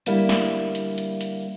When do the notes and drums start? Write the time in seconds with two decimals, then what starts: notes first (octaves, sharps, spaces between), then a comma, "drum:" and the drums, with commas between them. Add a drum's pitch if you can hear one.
0.06 D3 G3 A#3 E4, drum: hi-hat
0.29 drum: snare
0.75 drum: hi-hat
0.98 drum: hi-hat
1.21 drum: hi-hat